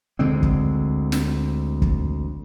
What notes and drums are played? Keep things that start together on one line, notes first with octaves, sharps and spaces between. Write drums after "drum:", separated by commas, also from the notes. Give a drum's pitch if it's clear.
D2 D3 G#3 C4
drum: kick
drum: snare
drum: kick